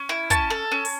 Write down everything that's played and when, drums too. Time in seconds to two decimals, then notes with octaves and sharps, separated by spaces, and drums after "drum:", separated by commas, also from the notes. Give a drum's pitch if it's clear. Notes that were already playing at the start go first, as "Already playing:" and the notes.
Already playing: C#4
0.09 E4
0.30 C#4 A5, drum: kick, hi-hat
0.50 A4
0.71 C#4
0.85 drum: open hi-hat